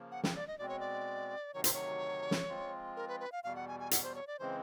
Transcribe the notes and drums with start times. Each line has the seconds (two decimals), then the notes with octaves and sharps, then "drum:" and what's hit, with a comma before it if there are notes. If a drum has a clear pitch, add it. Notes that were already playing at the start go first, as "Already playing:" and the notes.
Already playing: C#3 F3 A#3
0.11 F#5
0.24 G5, drum: snare
0.35 D5
0.47 D#5
0.58 B2 G#3 C4 D5
0.69 C#5
0.80 D5
1.54 D2 C3 D#3 F#3 C#5
1.64 C5, drum: hi-hat
1.73 C#5
2.31 drum: snare
2.49 F3 G#3 C4 F4
2.96 A#4
3.08 B4
3.20 B4
3.32 F5
3.44 E2 B2 G3 F5
3.56 F#5
3.68 G#5
3.80 G#5
3.91 F#5, drum: hi-hat
4.03 C5
4.15 C#5
4.27 D5
4.39 C#3 E3 G#3 C4 C5